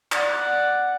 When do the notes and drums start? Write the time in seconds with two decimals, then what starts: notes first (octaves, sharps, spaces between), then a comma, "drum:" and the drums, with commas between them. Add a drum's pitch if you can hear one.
0.12 D5 F#5, drum: clap